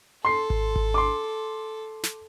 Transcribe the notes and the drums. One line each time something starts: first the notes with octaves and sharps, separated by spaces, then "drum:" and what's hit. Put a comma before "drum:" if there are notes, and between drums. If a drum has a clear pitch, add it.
A4 C6 C7
drum: kick G#1
drum: kick G#1
C6 D6
drum: snare